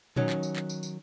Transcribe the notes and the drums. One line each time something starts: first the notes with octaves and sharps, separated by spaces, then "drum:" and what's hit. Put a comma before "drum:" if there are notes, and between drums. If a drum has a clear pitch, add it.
D#3 F#3 C#4, drum: tom A#2
drum: clap
drum: tambourine
drum: clap
drum: tambourine
drum: tambourine